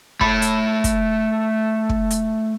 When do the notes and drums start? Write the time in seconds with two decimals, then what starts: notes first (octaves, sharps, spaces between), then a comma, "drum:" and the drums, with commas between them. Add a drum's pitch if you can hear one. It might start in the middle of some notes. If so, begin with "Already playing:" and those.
0.21 A3 B5, drum: kick
0.42 drum: hi-hat
0.84 drum: kick, hi-hat
1.89 drum: kick
2.10 drum: hi-hat